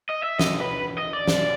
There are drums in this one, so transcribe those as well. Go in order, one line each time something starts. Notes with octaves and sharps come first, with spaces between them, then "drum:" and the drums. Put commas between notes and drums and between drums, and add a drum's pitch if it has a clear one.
D#5
E5
D#5, drum: snare
B4
D#5
D5
drum: snare